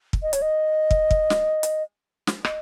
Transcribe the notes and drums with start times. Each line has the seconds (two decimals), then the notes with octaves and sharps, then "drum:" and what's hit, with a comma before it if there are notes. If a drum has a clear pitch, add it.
0.13 drum: kick
0.23 D#5
0.33 C#5, drum: hi-hat
0.42 D#5
0.91 drum: kick
1.11 drum: kick
1.30 drum: snare
1.63 drum: hi-hat
2.27 drum: snare
2.44 D#5, drum: rim click